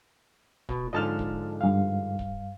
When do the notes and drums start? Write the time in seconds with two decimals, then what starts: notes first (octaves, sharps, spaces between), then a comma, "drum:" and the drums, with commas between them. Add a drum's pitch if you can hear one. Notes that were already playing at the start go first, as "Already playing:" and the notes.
0.69 B2, drum: kick
0.93 G#2 D3 F3 D#5 A5 F6
1.19 drum: kick
1.61 G2 F5
2.19 drum: kick